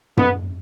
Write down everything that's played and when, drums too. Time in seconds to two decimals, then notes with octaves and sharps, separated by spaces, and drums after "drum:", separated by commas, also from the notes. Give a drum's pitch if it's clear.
0.17 B3, drum: tom F#2